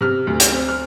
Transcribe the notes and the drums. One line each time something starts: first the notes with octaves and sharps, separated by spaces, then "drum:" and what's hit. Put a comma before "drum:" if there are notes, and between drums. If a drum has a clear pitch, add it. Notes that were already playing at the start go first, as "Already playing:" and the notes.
C3 F6
D2
drum: hi-hat
C4
F6